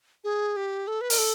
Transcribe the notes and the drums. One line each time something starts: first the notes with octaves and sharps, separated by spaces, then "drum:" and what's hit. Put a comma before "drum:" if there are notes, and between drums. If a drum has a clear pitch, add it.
G#4
G4
A4
B4
A#4, drum: open hi-hat
A4